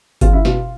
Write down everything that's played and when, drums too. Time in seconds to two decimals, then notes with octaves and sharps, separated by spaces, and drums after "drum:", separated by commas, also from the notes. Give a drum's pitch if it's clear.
0.21 E2 F4, drum: kick G1, hi-hat
0.33 E4
0.45 B2 F4, drum: snare